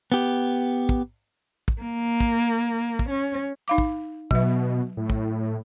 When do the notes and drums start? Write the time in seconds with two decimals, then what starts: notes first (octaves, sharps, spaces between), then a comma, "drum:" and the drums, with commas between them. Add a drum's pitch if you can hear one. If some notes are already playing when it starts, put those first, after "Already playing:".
0.12 B3 G4
0.89 drum: kick
1.68 drum: kick
1.82 A#3
2.20 drum: kick
2.99 drum: kick
3.10 C#4
3.68 D#4 F5 D6
3.78 drum: kick
4.31 B2 F#3 E5, drum: kick
4.97 A2
5.10 drum: kick